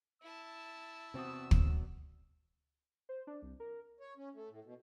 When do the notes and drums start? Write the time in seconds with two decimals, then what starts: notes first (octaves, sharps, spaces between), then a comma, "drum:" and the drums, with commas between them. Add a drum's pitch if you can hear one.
0.22 E4 A5 E6
1.14 E2 C3 C4 F#4 D#6
1.51 drum: kick
3.09 C5
3.27 D4
3.42 C2
3.60 A#4
4.00 C#5
4.17 C#4
4.34 A3
4.49 A2
4.64 B2